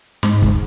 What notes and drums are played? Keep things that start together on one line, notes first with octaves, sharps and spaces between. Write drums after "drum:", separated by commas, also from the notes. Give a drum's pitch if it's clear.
G#2, drum: snare
drum: kick